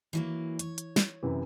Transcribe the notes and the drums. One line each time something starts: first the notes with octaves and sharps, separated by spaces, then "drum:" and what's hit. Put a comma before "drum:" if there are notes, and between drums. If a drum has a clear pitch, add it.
E3 F#3 A#3
C#5, drum: hi-hat
drum: hi-hat
drum: snare
F#2 C3 E3